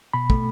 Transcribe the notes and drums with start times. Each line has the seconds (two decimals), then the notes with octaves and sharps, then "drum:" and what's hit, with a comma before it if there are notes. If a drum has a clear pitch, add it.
0.13 B2 B5
0.30 A3, drum: kick